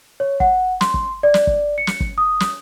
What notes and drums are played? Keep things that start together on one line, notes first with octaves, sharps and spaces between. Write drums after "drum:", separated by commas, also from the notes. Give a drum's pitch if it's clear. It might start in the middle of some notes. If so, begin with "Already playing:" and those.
C#5
F#5, drum: kick
C6, drum: snare
drum: kick
D5
drum: snare
drum: kick
C#7
drum: snare
drum: kick
D#6
drum: snare